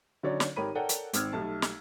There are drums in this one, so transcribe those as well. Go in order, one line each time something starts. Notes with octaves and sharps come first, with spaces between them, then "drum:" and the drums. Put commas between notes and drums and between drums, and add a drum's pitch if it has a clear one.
D3 F#3 C#4 D#4 C#5 D5
drum: snare
G#1 G4 A#4 C#5 B5 D#7
A4 A#4 C#5 D5 F#5 G5
drum: hi-hat
G#1 C4 E6 F6 G#6, drum: hi-hat
B1 G3 A3 A5
drum: snare